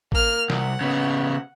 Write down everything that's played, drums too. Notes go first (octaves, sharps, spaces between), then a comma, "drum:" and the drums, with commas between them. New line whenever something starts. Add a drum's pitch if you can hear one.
A#3 F6, drum: kick A1
C2 F#5, drum: snare
C#3 B3